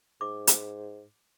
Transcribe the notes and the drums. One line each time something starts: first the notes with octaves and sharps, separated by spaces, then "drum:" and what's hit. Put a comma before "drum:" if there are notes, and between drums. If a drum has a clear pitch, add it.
G#2 D6
drum: hi-hat